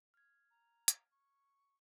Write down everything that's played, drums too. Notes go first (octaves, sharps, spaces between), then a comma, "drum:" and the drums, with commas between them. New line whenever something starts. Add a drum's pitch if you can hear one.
F6 G#6
A#5
drum: hi-hat
C#6